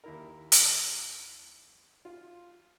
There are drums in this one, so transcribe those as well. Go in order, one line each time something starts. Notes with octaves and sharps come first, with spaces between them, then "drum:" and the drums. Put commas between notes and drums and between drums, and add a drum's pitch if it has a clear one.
D#2 E4 A#4
drum: hi-hat
F4